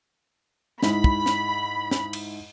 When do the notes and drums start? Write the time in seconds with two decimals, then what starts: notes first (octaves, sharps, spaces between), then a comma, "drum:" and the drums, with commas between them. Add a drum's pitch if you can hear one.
0.83 G#2 G#3 E4 B5, drum: snare
1.04 drum: kick
1.26 drum: snare
1.91 drum: snare
2.13 drum: cymbal